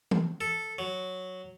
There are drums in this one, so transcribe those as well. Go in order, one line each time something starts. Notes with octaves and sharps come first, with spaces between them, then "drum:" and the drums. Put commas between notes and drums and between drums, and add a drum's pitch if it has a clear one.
drum: tom E3
A4
F#3